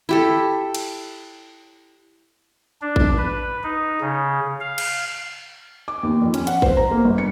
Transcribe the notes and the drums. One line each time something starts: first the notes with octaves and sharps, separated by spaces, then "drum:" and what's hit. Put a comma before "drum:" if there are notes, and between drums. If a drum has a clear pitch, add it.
E4 G4 A4
drum: cymbal
D4
drum: kick A1
B4
D#4
C#3
F5
drum: cymbal
D6
D#2
F2
C#4, drum: hi-hat
F#5, drum: hi-hat
C5, drum: kick A1
A#5
A#3
G1
C#7